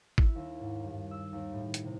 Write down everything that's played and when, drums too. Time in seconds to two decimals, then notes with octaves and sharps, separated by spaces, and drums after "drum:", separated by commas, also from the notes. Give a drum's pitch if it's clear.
0.18 E4, drum: kick G#1
0.35 D#2
0.61 G#2
0.84 G2
1.11 E6
1.33 D#2
1.53 A2
1.74 drum: hi-hat
1.85 C3